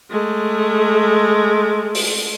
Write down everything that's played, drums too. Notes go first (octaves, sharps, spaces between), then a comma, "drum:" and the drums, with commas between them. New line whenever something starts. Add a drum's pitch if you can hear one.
G#3 A3
drum: open hi-hat